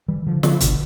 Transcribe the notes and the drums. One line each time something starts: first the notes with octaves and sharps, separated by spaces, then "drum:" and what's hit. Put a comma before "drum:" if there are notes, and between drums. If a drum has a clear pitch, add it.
E3 G3
D3 F3
D3 F3, drum: snare
B2 D3, drum: kick, hi-hat